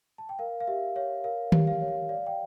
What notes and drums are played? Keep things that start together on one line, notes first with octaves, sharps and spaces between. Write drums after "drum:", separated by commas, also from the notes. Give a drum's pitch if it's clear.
A5
G5
A#4 F5
F5
G4 E5
C#5 F5
A#4 F5
G4, drum: tom D#3
F5
C#5
F5
D5 F5
G5